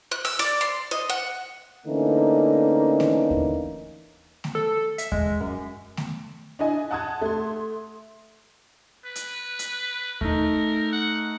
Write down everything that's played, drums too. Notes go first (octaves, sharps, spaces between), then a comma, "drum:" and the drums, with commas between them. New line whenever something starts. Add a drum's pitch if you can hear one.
F#6
E6, drum: open hi-hat
D5, drum: open hi-hat
C6
D#5
F#5
D3 E3 A3 A#3 C#4 D#4
drum: snare A3
drum: kick D#2
drum: snare A3
A4
E5, drum: hi-hat
G#3, drum: kick D#2
F#2
drum: snare A3
D4 E4 D#5 G#5
F#5 A5 D#6 F#6 G#6
A3 C6
B4
drum: hi-hat
drum: hi-hat
A3 D#4 A#4, drum: kick D#2
F#5